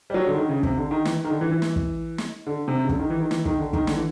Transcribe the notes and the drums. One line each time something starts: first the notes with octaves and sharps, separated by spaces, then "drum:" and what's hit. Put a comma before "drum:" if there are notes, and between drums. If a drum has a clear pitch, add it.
G3
F#3
D3
D#3
C#3
C3, drum: kick
D3
D#3
E3, drum: snare
D#3
D3
E3
E3
drum: snare
drum: kick
drum: snare
D3
C3
C#3
D3, drum: kick
D#3
E3
D#3
E3, drum: snare
D#3, drum: kick
D3
D#3, drum: kick
D3, drum: snare
E3